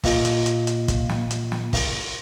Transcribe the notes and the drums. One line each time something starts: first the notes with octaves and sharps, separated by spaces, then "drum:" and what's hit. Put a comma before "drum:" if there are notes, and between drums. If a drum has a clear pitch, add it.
A#2 F4 D#5, drum: kick, open hi-hat
drum: hi-hat
drum: hi-hat
drum: hi-hat
drum: kick, hi-hat
drum: snare
drum: hi-hat
drum: snare
drum: kick, open hi-hat